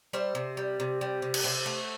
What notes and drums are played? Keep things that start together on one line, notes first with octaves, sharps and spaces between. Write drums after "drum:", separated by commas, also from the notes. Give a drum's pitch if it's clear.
G3 C5 E5
C3
G3
C3
G3
C3
drum: cymbal
C3 C5 E5
A3